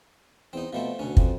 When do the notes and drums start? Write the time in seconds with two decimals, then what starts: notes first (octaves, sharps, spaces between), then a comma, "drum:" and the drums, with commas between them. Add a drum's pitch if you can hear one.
0.53 E2 C4 D#4
0.73 B2 F3 A3 C4
0.99 D2 B2 C#4
1.17 F2, drum: kick